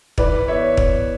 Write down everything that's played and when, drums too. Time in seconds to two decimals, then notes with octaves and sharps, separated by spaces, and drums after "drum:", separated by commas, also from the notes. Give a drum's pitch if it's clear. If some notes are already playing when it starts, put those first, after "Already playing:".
0.18 E3 B4 D5, drum: kick
0.48 B3 C#5 E5
0.77 drum: kick